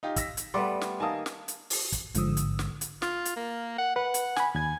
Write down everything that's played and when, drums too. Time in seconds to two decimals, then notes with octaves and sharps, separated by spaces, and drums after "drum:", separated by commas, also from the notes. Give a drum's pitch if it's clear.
0.03 D#4 F4 G4
0.16 E6 A#6 B6, drum: kick, hi-hat
0.37 drum: hi-hat
0.54 G3 A3 B3 F#5 C6 D6
0.81 drum: snare
1.00 D#3 A#3 G#5 A5 D#6
1.26 drum: snare
1.48 drum: hi-hat
1.70 drum: open hi-hat
1.92 drum: kick, hi-hat
2.15 A1 G#2 D3 F3 D#6 E6, drum: hi-hat
2.37 drum: hi-hat
2.59 drum: snare
2.81 drum: hi-hat
3.02 F4, drum: snare
3.25 drum: hi-hat
3.36 A#3
3.78 F#5
3.96 B4 F#5
4.14 drum: hi-hat
4.36 G#5 B5, drum: snare
4.55 D#2 G#5 G#6